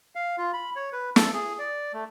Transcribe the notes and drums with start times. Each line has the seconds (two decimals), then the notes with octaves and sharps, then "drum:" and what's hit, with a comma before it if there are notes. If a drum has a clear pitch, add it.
0.15 F5
0.38 F4
0.53 B5
0.76 C#5
0.93 B4
1.16 A4, drum: snare
1.33 G#4
1.59 D5
1.94 A3